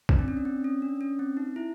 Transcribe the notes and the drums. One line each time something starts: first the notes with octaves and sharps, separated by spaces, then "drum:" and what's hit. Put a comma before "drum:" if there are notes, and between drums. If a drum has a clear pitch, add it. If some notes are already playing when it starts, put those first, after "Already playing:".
D4, drum: kick B1
C4
C#4
D4
C4
C#4
D4
C#4
C4
D#4
E4